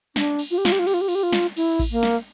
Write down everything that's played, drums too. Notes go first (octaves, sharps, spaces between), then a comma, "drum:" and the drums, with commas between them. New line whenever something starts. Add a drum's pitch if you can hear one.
D4, drum: snare
drum: cymbal
F4
G4
F4, drum: snare
G4
F4
G4, drum: cymbal
F4
G4
F4, drum: cymbal
G4
F4
drum: snare
E4, drum: cymbal
drum: kick A1, cymbal
A#3
drum: snare